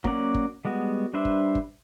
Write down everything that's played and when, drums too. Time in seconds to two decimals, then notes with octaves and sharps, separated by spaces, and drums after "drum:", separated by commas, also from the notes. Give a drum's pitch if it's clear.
0.04 F#3 A#3 C#4 D5 F#5, drum: kick
0.34 drum: kick
0.65 G3 G#3 B3 F#4
1.13 G3 D4 B4 C5 E5
1.25 drum: kick
1.55 drum: kick